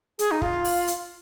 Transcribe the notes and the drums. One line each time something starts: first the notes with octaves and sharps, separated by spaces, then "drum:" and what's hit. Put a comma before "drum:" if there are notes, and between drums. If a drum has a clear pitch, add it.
G#4, drum: hi-hat
D#4
F4, drum: kick
drum: open hi-hat
drum: hi-hat